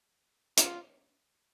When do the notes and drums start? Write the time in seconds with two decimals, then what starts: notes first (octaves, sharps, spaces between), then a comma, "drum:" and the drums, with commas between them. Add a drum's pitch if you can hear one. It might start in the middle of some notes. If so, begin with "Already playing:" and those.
0.57 F4, drum: hi-hat